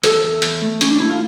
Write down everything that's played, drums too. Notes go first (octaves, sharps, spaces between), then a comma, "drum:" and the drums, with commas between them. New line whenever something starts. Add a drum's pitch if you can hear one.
E2 A4, drum: hi-hat
E2
E2, drum: hi-hat
A3
E2 C#4, drum: hi-hat
D4
A3 E4
F4